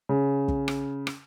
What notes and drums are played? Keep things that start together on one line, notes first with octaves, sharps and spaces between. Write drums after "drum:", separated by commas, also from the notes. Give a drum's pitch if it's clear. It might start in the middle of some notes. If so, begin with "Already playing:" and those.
C#3
drum: kick
drum: rim click
drum: rim click